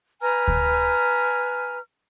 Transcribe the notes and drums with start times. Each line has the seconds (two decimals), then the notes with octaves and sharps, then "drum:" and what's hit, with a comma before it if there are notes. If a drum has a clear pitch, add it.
0.22 B4 G#5 A#5 F6
0.48 drum: kick D2